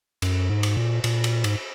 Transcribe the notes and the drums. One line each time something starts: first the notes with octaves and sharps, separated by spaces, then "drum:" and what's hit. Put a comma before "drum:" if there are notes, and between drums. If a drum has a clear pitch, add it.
F#2, drum: cymbal
G#2
drum: cymbal
A#2
A#2, drum: cymbal
drum: cymbal
G#2, drum: cymbal